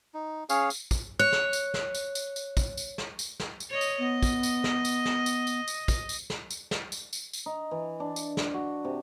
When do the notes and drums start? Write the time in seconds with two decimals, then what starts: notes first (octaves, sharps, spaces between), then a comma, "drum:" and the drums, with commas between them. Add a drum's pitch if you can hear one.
0.14 D#4
0.49 C#4 G#4 C#5 F5, drum: tambourine
0.70 drum: tambourine
0.91 drum: kick, tambourine
1.19 C#5 F#6
1.32 drum: snare
1.53 drum: tambourine
1.74 drum: snare
1.95 drum: tambourine
2.15 drum: tambourine
2.36 drum: tambourine
2.57 drum: kick, tambourine
2.77 drum: tambourine
2.98 drum: snare
3.19 drum: tambourine
3.40 drum: snare
3.60 drum: tambourine
3.70 C#5 D#5
3.81 drum: tambourine
3.99 B3 D#5
4.23 drum: kick, tambourine
4.43 drum: tambourine
4.64 drum: snare
4.85 drum: tambourine
5.05 drum: snare
5.26 drum: tambourine
5.47 drum: tambourine
5.68 drum: tambourine
5.88 drum: kick, tambourine
6.09 drum: tambourine
6.30 drum: snare
6.50 drum: tambourine
6.71 drum: snare
6.92 drum: tambourine
7.13 drum: tambourine
7.33 drum: tambourine
7.46 D#4
7.71 E3
8.00 D4
8.16 drum: tambourine
8.37 drum: snare
8.54 F#4
8.84 C3